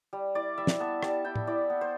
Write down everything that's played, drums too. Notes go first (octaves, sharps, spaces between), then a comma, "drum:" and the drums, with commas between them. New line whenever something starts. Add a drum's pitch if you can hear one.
G3
E4 D5
G3 E5
drum: snare
B3 A5
G3 A5, drum: rim click
E4 G5
drum: tom A2
E4 D5
B3
C5